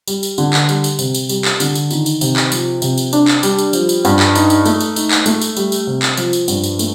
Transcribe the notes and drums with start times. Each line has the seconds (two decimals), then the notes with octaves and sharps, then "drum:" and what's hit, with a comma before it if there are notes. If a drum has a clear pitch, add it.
0.08 G3, drum: tambourine
0.23 drum: tambourine
0.38 D3, drum: tambourine
0.53 drum: clap
0.69 G3, drum: tambourine
0.84 drum: tambourine
0.99 C3, drum: tambourine
1.14 drum: tambourine
1.29 G3, drum: tambourine
1.45 drum: clap
1.60 D3, drum: tambourine
1.75 drum: tambourine
1.91 D#3, drum: tambourine
2.06 drum: tambourine
2.21 C3, drum: tambourine
2.36 drum: clap
2.52 F3, drum: tambourine
2.82 C3, drum: tambourine
2.97 drum: tambourine
3.13 D4, drum: tambourine
3.28 drum: clap
3.43 G3, drum: tambourine
3.58 drum: tambourine
3.73 F3, drum: tambourine
3.89 drum: tambourine
4.05 G2, drum: tambourine
4.19 drum: clap
4.35 D#4, drum: tambourine
4.50 drum: tambourine
4.65 A3, drum: tambourine
4.81 drum: tambourine
4.96 D#4, drum: tambourine
5.11 drum: clap
5.26 A3, drum: tambourine
5.42 drum: tambourine
5.57 G3, drum: tambourine
5.72 drum: tambourine
5.87 C3
6.03 drum: clap
6.17 F3, drum: tambourine
6.33 drum: tambourine
6.48 G2, drum: tambourine
6.64 drum: tambourine
6.79 A3, drum: tambourine